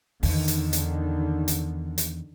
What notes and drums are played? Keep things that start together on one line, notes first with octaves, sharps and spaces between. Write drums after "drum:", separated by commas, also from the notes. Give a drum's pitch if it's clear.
E2 D3 D#3, drum: open hi-hat
drum: hi-hat
drum: hi-hat
drum: hi-hat
drum: hi-hat